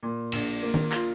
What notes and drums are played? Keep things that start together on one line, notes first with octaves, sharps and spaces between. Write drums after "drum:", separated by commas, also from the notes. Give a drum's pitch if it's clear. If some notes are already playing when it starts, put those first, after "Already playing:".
A#2
A#1, drum: cymbal
A#3
drum: tom D#3
F4, drum: clap